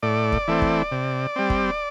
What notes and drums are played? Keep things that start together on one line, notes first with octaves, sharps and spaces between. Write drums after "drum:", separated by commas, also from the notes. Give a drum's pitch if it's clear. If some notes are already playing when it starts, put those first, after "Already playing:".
A2 D5
drum: kick
E3 A3 C4
drum: kick
C3
G3 C4
drum: kick